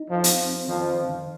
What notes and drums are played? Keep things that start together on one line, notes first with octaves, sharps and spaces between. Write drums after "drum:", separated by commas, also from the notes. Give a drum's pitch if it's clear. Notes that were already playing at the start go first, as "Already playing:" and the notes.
Already playing: D#4
F2 F3
C4, drum: hi-hat
F2 D#3 F3
D#3